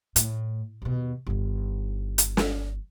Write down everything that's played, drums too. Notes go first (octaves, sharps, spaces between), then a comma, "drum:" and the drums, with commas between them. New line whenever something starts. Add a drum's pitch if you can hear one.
A2, drum: hi-hat
D#2 B2
G1 D#3
drum: hi-hat
drum: snare